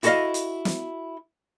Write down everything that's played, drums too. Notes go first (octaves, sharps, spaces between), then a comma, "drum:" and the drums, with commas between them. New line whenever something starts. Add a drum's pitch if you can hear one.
E4 F#4 A4 D5 D#5 F5, drum: hi-hat
drum: hi-hat
drum: snare